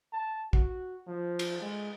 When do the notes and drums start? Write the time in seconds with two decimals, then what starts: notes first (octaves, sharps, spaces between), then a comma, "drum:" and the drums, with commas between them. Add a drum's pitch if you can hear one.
0.12 A5
0.53 F#4, drum: kick
1.07 F3
1.39 drum: cymbal
1.62 G#3